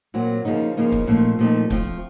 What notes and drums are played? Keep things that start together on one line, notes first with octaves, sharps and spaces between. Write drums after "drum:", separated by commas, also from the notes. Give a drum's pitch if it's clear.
A#2 F#3 C4
C#3 F3 A#3 D#4
C#3 F3 A#3 D#4
drum: kick
A#2 F3 A3 C4 D#4
A#2 F3 A3 C4 D#4
F3 A3 C4, drum: kick